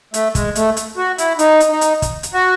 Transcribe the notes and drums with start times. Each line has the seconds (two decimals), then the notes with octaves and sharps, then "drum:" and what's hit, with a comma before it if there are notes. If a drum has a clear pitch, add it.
0.14 A3, drum: hi-hat
0.35 G#3, drum: kick, hi-hat
0.55 A3, drum: hi-hat
0.77 drum: hi-hat
0.97 F#4
1.18 E4, drum: hi-hat
1.39 D#4, drum: hi-hat
1.60 drum: hi-hat
1.71 D#4
1.81 drum: hi-hat
2.02 drum: kick, hi-hat
2.23 drum: hi-hat
2.34 F#4